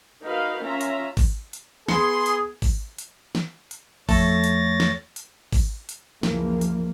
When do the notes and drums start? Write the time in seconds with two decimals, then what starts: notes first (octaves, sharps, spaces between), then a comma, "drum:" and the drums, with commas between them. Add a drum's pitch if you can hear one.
0.22 D#4 F#4 A#4 B4 F5
0.63 C#4 F4 E5 A#5
0.81 drum: hi-hat
1.17 drum: kick G#1, open hi-hat
1.53 drum: hi-hat
1.88 B3 G#4 C6 C#7, drum: snare
2.26 drum: hi-hat
2.62 drum: kick G#1, open hi-hat
2.98 drum: hi-hat
3.35 drum: snare
3.71 drum: hi-hat
4.09 F2 A3 A4 C#5 A6 A#6, drum: kick G#1, open hi-hat
4.44 drum: hi-hat
4.80 drum: snare
5.16 drum: hi-hat
5.53 drum: kick G#1, open hi-hat
5.89 drum: hi-hat
6.23 C#2 F#2 E3 F3 G#3 A#3, drum: snare
6.61 drum: hi-hat